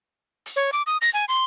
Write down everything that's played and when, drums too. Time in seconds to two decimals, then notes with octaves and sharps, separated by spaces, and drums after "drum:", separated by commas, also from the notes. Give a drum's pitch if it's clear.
0.46 drum: hi-hat
0.56 C#5
0.73 D6
0.87 D#6
1.01 A#6, drum: hi-hat
1.13 G#5
1.28 C6